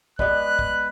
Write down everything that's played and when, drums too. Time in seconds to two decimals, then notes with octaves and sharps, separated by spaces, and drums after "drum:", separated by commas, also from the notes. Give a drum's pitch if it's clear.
0.19 G#3 B3 B4 D5 F#6, drum: kick
0.59 drum: kick